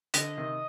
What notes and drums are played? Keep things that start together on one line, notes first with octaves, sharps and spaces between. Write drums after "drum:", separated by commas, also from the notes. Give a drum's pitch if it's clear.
D3 D#5, drum: hi-hat
C3 D#3